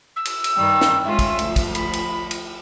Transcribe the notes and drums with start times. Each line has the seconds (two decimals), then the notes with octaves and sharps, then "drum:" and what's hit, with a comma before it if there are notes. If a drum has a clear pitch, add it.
0.16 E6
0.25 drum: cymbal
0.44 drum: cymbal
0.56 G2 D#3 G3
0.81 drum: snare
1.05 G#3 C#4 F4 E5
1.19 drum: kick, cymbal
1.39 D2 F3, drum: cymbal
1.56 drum: kick, cymbal
1.75 B5, drum: cymbal
1.93 drum: cymbal
2.31 drum: cymbal